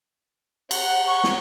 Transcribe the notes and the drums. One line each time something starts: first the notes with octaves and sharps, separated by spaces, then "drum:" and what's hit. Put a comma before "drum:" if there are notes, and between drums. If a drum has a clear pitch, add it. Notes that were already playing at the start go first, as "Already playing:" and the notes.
F#5, drum: cymbal
C#6
drum: snare